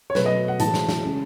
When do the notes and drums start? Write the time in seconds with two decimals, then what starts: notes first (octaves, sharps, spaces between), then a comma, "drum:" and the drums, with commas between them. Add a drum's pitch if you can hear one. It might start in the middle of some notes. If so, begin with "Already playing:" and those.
0.10 C#5
0.15 B2 F#3 A3 B4, drum: snare
0.26 D#5
0.48 F#5
0.59 A2 E3 G#3 A5, drum: hi-hat
0.74 drum: snare
0.89 drum: snare
1.04 C#3 G#3